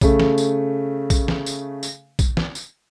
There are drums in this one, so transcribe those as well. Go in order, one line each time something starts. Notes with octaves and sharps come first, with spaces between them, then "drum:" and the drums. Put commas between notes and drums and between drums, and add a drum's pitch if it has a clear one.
C#3 A3, drum: kick A#1, tambourine
drum: snare
drum: tambourine
drum: kick A#1, tambourine
drum: snare
drum: tambourine
drum: tambourine
drum: kick A#1, tambourine
drum: snare
drum: tambourine